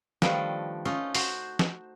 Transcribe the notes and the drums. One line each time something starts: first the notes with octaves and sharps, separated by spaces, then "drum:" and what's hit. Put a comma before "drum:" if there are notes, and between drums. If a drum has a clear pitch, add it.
D#3 F3 G3 A3 D4 B4, drum: snare
A3 C#4 D#4 F4
F#4 C5, drum: open hi-hat
drum: snare